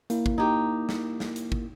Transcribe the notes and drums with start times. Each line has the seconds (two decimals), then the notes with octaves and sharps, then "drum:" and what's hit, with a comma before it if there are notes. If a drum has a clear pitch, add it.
0.10 A#3 E4, drum: hi-hat
0.26 drum: kick
0.38 D#4 G4
0.89 drum: snare
1.20 drum: snare
1.36 drum: hi-hat
1.52 drum: kick